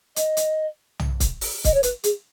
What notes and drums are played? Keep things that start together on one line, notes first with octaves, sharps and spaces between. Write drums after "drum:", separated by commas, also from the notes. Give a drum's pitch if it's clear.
D#5, drum: hi-hat
drum: hi-hat
drum: tom
drum: kick C#1, hi-hat
drum: open hi-hat
D#5, drum: kick C#1, hi-hat
C#5
B4, drum: hi-hat
G#4, drum: hi-hat